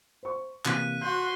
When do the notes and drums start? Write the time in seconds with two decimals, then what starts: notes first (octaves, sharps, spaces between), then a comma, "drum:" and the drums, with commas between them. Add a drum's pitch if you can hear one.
0.23 C5 C#6
0.65 C3 E3 A#3 F#6 B6 D#7, drum: clap
1.01 F#4 C6 G6